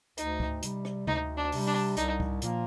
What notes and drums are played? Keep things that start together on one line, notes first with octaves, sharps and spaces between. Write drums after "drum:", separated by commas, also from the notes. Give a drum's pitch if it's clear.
D2 D#4, drum: hi-hat
drum: kick
C3 G3, drum: hi-hat
drum: rim click
D2 D#4, drum: tom C3
D4
C3 G3, drum: open hi-hat
D4
C2 D#4, drum: hi-hat
drum: kick
A#2 F3 A#3, drum: hi-hat